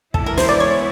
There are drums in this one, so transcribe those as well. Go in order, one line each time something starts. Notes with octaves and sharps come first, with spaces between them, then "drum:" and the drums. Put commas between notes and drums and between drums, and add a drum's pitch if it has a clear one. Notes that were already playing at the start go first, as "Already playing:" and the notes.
E3 G#3 B3 E4 A4, drum: kick
A#4
C5, drum: snare
D5
C#5